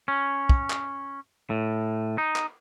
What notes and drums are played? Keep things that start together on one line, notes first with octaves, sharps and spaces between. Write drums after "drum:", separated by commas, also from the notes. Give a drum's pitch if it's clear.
C#4
drum: kick
drum: clap
A2
D#4
drum: clap